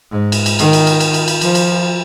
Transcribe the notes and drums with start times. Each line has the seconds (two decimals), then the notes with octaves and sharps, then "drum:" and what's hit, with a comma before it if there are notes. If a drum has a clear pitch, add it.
0.10 G#2
0.32 drum: cymbal
0.46 drum: cymbal
0.59 D#3, drum: cymbal
0.73 drum: cymbal
0.87 drum: cymbal
1.00 drum: cymbal
1.14 drum: cymbal
1.28 drum: cymbal
1.41 F3, drum: cymbal
1.55 drum: cymbal